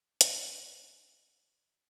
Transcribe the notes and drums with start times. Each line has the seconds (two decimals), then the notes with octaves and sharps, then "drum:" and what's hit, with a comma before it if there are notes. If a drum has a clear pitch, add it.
0.21 D#4 A4, drum: hi-hat